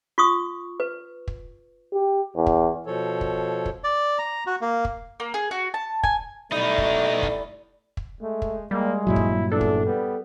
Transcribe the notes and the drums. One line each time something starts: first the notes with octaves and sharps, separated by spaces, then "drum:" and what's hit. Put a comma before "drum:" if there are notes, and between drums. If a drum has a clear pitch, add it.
F4 C#6 D#6
B4
drum: kick
G4
E2
drum: kick
B2 F3 A4 C#5
drum: kick
drum: kick
D5
A#5
F#4
A#3
drum: kick
A#3
G#4
F#4
A5
G#5, drum: kick
B2 G3 A3 D#4 E4 D5
drum: kick
drum: kick
drum: kick
G#3 A3
drum: kick
G3 G#3 A#3
G2 A#2 F#3 E4
drum: kick
E2 D4 A4
drum: kick
G3 B3